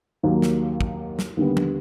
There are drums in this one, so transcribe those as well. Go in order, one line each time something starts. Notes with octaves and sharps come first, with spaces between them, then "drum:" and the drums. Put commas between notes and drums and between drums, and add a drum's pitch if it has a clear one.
D#2 D#3 F#3 A#3
drum: snare
drum: kick
drum: snare
D#2 D3 G3 B3
drum: tom